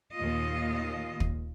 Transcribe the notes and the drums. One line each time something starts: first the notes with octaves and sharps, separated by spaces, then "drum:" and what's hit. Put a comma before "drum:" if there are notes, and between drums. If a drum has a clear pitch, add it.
D#2 A#2 F4 D#5
drum: kick